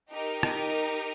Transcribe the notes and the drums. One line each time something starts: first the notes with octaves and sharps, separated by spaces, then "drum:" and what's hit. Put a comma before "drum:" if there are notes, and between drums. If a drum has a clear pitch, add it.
D#4 G4 A#4
drum: rim click